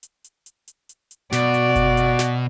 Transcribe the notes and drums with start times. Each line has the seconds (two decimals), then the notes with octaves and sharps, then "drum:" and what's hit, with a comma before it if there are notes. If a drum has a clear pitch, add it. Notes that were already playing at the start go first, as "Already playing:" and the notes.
0.03 drum: hi-hat
0.24 drum: hi-hat
0.46 drum: hi-hat
0.68 drum: hi-hat
0.89 drum: hi-hat
1.11 drum: hi-hat
1.32 B2 F#4 D5, drum: snare
1.54 drum: hi-hat
1.76 drum: kick F#1, hi-hat
1.97 drum: hi-hat
2.19 drum: snare